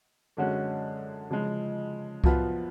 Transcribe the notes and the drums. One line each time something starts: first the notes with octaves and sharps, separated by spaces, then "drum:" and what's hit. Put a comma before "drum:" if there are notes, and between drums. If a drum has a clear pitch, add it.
F#2 D3 G#3 C#4 F#4
C#3 F3 G#3
F#2 F3 B3 F4 B4, drum: kick C2